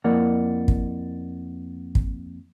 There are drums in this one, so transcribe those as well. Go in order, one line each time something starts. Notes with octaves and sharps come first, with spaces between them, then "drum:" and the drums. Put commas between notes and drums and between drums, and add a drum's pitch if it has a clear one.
F2 A#3 E4 A#4 D5 F#5
drum: kick
drum: kick